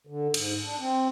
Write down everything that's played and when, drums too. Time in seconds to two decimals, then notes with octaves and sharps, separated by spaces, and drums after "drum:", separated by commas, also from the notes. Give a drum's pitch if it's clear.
0.07 D3
0.34 G#2, drum: cymbal
0.63 D4
0.79 C4